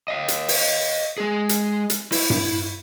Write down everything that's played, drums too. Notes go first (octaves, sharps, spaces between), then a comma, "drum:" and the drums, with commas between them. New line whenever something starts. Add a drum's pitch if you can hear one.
D#5 F5
drum: hi-hat
drum: open hi-hat
G#3 G#4
drum: hi-hat
drum: hi-hat
E4, drum: open hi-hat
drum: tom G2